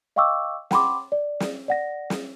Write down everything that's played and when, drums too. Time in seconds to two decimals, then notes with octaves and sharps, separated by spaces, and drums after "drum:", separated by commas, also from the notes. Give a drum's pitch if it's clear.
0.16 D#5 F5 G5 C#6 D6 E6
0.71 F#5 G5 B5 C6 D6, drum: snare
1.12 D5
1.40 drum: snare
1.68 D5 F#5 A#6
2.10 drum: snare